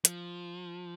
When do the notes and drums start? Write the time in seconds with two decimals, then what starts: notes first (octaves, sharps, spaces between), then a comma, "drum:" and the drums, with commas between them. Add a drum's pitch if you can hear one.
0.05 F3, drum: hi-hat